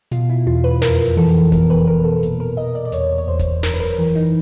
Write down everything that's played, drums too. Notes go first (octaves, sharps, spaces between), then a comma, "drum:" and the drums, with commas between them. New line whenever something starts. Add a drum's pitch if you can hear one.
B2 F4, drum: hi-hat
E4
E2 F4
B4
F2 A#4, drum: snare
drum: hi-hat
E3 A4
drum: hi-hat
B2 A#4, drum: kick E1, hi-hat
B4
B2 A#4
A4
A#2, drum: hi-hat
A#4
A#2 D#5
D5
D5
E2 C#5, drum: hi-hat
C#5
E2 C5
drum: kick E1, hi-hat
F#2 A#4, drum: snare
B4
A#4
E3
D#4